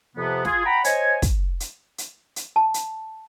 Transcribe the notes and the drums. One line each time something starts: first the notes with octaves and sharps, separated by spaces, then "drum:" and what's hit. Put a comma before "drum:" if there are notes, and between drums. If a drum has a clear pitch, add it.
F2 C3 F3 B3
F4 G#4, drum: snare
F#5 G5 A#5 B5
C5 C#5 D#5 G#5, drum: hi-hat
drum: kick, hi-hat
drum: hi-hat
drum: hi-hat
drum: hi-hat
A5
drum: hi-hat